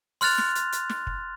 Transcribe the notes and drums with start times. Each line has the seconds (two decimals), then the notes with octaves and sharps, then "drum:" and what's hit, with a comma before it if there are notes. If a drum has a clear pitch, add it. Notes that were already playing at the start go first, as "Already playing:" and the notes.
0.21 C6 F6 F#6 A6 F7, drum: open hi-hat
0.38 drum: snare
0.55 drum: hi-hat
0.72 drum: hi-hat
0.90 drum: snare
1.07 drum: kick